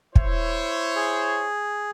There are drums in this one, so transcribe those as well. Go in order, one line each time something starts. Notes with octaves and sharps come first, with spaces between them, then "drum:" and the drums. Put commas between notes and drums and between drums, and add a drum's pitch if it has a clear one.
E4 C5 C#5, drum: kick
G#4